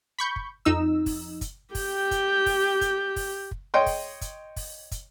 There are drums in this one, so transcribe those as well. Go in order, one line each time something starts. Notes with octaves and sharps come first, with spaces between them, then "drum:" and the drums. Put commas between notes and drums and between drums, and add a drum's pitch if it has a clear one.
B5 C#6 G6
drum: kick
F2 D#4 E6
drum: kick, open hi-hat
drum: kick, hi-hat
G4 G5, drum: kick, open hi-hat
drum: kick, hi-hat
drum: kick, open hi-hat
drum: kick, hi-hat
drum: kick, open hi-hat
drum: kick
C#5 D#5 G5 C6
drum: kick, open hi-hat
drum: kick, hi-hat
drum: kick, open hi-hat
drum: kick, hi-hat